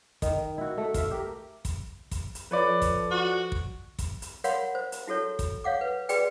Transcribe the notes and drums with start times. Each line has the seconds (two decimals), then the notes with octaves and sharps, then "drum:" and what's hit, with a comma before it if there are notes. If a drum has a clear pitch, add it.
0.22 D#3, drum: kick, hi-hat
0.58 E4 F#4
0.78 A3
0.94 E5 F5, drum: kick, hi-hat
1.11 G4 A#4
1.65 drum: kick, hi-hat
2.11 drum: kick, hi-hat
2.35 drum: hi-hat
2.51 F3 A4 B4 C#5 D5
2.82 drum: kick, hi-hat
3.11 F#4
3.52 drum: kick
3.99 drum: kick, hi-hat
4.22 drum: hi-hat
4.44 A#4 C#5 F5 F#5 B5 C6, drum: hi-hat
4.75 C5
4.92 drum: hi-hat
5.07 E4 F#4 A4 C#5
5.39 drum: kick, hi-hat
5.64 C#5 F5 F#5 D6
5.81 B4
6.09 F#4 G#4 B4 D5 G5, drum: hi-hat